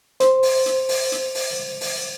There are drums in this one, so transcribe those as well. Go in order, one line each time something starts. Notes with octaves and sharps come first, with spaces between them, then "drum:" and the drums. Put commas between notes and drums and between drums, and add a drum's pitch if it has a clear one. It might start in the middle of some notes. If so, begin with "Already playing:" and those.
C5, drum: hi-hat
drum: open hi-hat
drum: hi-hat
drum: open hi-hat
drum: hi-hat
drum: open hi-hat
drum: open hi-hat